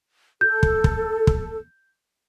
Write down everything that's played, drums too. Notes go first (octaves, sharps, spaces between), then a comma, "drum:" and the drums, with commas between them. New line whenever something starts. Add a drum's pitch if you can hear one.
A4 G6
drum: kick
drum: kick
drum: kick